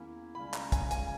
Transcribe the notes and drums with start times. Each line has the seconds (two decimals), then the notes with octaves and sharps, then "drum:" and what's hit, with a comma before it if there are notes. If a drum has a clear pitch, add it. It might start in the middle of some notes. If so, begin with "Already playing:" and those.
Already playing: E2 D#3 A#3 C#4 E4
0.35 C#2 C#3 G3 C#4 B5
0.54 A#5, drum: clap
0.72 G#5, drum: kick, hi-hat
0.91 G#5, drum: hi-hat